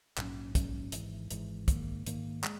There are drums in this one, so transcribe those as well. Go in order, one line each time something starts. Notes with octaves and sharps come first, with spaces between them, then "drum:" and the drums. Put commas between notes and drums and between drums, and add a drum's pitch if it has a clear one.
A#1 G#2 F#3 C#4, drum: clap
A#1 G#2 F#3 C#4, drum: kick, hi-hat
G#1 G#2 E3, drum: hi-hat
G#1 G#2 E3, drum: hi-hat
G#2 D#3 A#3, drum: kick, hi-hat
G#2 D#3 A#3, drum: hi-hat
G#3, drum: clap